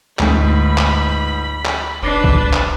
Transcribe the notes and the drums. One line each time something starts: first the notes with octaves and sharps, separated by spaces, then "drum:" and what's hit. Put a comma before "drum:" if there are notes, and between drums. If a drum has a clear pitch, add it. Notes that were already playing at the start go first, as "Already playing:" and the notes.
G1 D2 G#2 A3 B5, drum: clap
drum: clap
drum: clap
E1 D4 B4 D6 A#6 C7
drum: kick B1
drum: clap